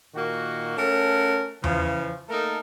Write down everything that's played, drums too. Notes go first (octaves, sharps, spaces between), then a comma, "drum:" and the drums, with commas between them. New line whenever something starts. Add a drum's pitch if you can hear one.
A#2 D#3 A#3 F#4
A3 C#4 A#4 F#5 A5
C#3 E3 F3, drum: tom E2
A3 A#3 D#4 A4 A#4